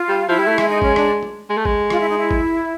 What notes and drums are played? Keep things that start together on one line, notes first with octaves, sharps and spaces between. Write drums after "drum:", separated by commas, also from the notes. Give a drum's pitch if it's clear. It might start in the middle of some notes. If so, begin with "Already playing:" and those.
Already playing: F4
G3
F3 E4
G3
A3
G#3, drum: rim click
D#4
C#4, drum: kick G#1
D4, drum: rim click
drum: tom G#3
G#3
A3
G#3, drum: kick G#1
F4, drum: rim click
E4
D#4
E4
drum: kick G#1